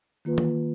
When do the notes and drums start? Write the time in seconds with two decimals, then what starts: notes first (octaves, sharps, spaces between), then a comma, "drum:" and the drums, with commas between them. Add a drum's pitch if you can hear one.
0.25 D#3 A#3 F4 B4
0.38 drum: tom